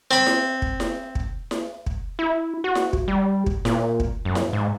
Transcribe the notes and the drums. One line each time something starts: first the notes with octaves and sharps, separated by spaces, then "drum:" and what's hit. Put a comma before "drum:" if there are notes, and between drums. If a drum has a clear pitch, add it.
C4 B5
drum: snare E4
drum: kick
drum: snare E4
drum: kick
drum: snare E4
drum: kick
E4
F#4
drum: snare E4
drum: kick
G3
drum: kick
A#2, drum: snare E4
drum: kick
F#2
drum: snare E4
G#2